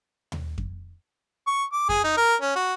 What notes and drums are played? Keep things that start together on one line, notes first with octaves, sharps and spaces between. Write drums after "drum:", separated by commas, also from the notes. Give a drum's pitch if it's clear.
drum: tom D#2
drum: kick F2
C#6
D6
G#4, drum: kick F2
D#4
A#4
C#4
F#4